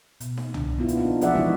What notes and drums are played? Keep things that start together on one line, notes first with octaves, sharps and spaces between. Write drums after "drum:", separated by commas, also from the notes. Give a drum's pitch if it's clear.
B2, drum: hi-hat
drum: snare D#4
D4, drum: tom
B3 D4 E4 F4
drum: hi-hat
A#3 D4 D#4 F4
E3 F3 G#4 D5 E5 F#5, drum: hi-hat
F3 G#3 C#4 D4 E4 F#4